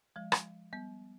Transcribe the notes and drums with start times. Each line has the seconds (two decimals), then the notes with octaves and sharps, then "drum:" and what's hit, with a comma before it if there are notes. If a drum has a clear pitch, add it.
0.16 F3 G#3
0.32 drum: rim click
0.73 G3 B3